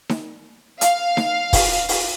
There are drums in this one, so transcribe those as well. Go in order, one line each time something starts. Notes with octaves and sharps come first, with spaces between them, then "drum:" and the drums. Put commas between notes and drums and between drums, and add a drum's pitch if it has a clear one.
drum: snare D#4
F5, drum: hi-hat
drum: snare D#4
drum: kick, open hi-hat
drum: open hi-hat